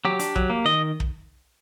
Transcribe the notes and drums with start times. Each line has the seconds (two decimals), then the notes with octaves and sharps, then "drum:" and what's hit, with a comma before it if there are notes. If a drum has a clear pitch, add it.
0.05 F#3 G4
0.19 D4, drum: hi-hat
0.36 F#3, drum: kick
0.50 A#3
0.65 D#3 D#5
1.00 drum: kick